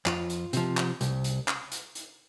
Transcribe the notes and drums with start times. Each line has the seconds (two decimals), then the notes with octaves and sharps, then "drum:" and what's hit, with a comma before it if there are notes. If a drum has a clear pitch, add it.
0.06 F2 F4, drum: clap
0.30 drum: hi-hat
0.53 C3 F3, drum: hi-hat
0.77 drum: clap
1.01 C2, drum: hi-hat
1.24 drum: hi-hat
1.48 drum: clap
1.72 drum: hi-hat
1.95 drum: hi-hat